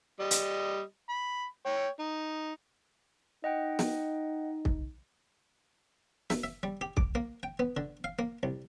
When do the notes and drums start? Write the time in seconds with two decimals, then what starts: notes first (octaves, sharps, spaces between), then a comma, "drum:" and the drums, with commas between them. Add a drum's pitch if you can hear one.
0.20 G3 D#5
0.31 drum: hi-hat
1.09 B5
1.66 C#5 G5
1.99 D#4
3.44 D#4 D#5 F#5 G5
3.79 drum: snare
4.65 drum: kick
6.30 E5, drum: snare
6.44 E5
6.63 G3
6.81 G4
6.97 D6, drum: kick
7.15 A#3
7.43 G5
7.59 B3
7.77 D3
8.04 F5
8.19 A#3
8.43 C2